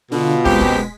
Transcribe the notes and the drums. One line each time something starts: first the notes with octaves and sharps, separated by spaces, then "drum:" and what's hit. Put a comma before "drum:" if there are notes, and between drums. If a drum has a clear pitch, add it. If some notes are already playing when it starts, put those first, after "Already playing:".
B2 D3 F4
F#2 G#3 C4 G4 B6, drum: kick
drum: kick